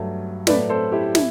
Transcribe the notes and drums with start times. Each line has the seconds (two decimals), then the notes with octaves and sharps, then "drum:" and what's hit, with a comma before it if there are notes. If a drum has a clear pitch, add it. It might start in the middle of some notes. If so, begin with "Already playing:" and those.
Already playing: G2 F#3 A3
0.47 A2 F#3 A3 B4 D5, drum: snare
0.69 A4 C5
0.92 E4 G4
1.15 E4, drum: snare